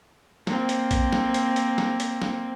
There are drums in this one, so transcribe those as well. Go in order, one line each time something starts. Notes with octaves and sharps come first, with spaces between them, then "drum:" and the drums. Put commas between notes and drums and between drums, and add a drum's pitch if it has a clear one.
A#3 C4, drum: snare
drum: hi-hat
drum: kick A#1, hi-hat
drum: snare
drum: hi-hat
drum: hi-hat
drum: snare
drum: hi-hat
drum: snare